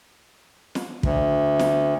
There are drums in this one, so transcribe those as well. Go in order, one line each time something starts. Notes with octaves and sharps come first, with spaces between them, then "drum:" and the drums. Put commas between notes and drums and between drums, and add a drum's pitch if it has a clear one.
drum: snare
D2, drum: kick
drum: snare